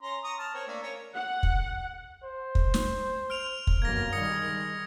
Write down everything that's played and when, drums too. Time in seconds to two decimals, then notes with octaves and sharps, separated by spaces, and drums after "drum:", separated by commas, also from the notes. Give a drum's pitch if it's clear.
0.03 C#4 A#5 C6
0.24 A#5 C#6 D#6
0.38 A5 F6
0.54 C4 A#4 C#5
0.67 A3 A#3 D4
0.82 C#4 A#4 C#5
1.15 F#5
1.43 drum: kick
2.24 C5
2.55 drum: kick
2.74 drum: snare
3.30 F6 D7 F7
3.67 drum: kick
3.82 G1 F#2 B2 A#3 G#6 A#6
4.12 D#3 G3 G#3 D#6 A#6 C#7